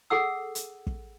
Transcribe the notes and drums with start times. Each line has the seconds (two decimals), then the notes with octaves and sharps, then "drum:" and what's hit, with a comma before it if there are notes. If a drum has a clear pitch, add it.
0.10 G#4 A4 F#5 E6
0.55 drum: hi-hat
0.87 drum: kick